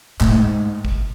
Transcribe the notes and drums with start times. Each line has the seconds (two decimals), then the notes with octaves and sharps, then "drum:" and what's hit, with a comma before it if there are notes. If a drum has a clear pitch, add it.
0.20 A2, drum: clap
0.31 G#2
0.85 drum: kick